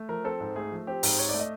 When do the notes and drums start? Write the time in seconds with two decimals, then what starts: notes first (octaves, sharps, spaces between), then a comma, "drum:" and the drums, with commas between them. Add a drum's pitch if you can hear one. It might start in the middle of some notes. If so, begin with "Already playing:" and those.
Already playing: A3
0.09 F3 A#4
0.24 C4 A4
0.40 G#2
0.56 A3 G#4
0.72 F3
0.87 C4 G4
1.03 G#2, drum: open hi-hat
1.19 C4 C#5
1.29 A3 D5
1.39 D#5